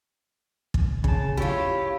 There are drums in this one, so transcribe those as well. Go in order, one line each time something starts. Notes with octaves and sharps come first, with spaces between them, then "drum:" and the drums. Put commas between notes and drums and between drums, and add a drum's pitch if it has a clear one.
drum: kick
C#3 A5, drum: kick
E4 F4 G4 C#5